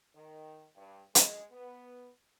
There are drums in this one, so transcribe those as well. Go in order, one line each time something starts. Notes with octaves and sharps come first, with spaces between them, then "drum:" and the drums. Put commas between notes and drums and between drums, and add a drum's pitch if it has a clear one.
D#3
G2
G#3, drum: hi-hat
B3